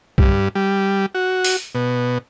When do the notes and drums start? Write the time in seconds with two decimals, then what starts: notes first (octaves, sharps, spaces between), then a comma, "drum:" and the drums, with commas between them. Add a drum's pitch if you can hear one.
0.18 G2, drum: kick B1
0.55 G3
1.15 F#4
1.44 drum: open hi-hat
1.75 B2